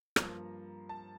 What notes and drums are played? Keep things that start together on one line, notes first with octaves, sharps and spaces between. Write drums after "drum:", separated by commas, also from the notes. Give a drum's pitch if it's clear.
G2 F3 A#3 A#5, drum: rim click
A5